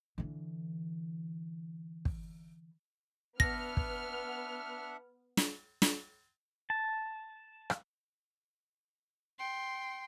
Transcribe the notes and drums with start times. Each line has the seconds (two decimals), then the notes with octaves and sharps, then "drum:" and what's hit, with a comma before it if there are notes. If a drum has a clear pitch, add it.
0.18 D3 E3
2.05 drum: kick
3.40 B3 D4 E5 F#5 F6 A#6, drum: kick
3.77 drum: kick
5.37 drum: snare
5.82 drum: snare
6.70 A5
7.70 drum: rim click
9.38 G5 C6